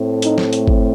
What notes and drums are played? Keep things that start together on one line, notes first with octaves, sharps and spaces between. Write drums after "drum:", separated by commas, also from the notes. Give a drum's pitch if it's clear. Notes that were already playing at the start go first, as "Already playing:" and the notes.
Already playing: A2 A3 C4
D#4, drum: hi-hat
drum: snare
drum: hi-hat
drum: kick